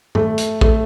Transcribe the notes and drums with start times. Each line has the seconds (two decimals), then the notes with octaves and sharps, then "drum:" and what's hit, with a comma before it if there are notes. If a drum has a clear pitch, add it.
0.15 A3, drum: tom G2
0.38 drum: hi-hat
0.61 A3, drum: kick